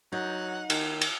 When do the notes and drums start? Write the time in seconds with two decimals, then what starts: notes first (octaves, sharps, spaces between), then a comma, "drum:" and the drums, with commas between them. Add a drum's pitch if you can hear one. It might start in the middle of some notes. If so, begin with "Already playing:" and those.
0.12 F#3 D#4 F#5
0.70 D#3, drum: cymbal
1.01 drum: cymbal